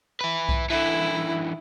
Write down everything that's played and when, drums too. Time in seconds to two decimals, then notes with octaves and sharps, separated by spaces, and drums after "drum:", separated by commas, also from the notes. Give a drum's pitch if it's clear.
0.21 E4 B4
0.49 drum: kick B1
0.70 D3 E3 E4